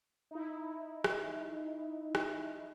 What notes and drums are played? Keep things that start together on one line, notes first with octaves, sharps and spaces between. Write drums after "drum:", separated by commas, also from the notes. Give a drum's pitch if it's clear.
D#4 E4
drum: rim click
drum: rim click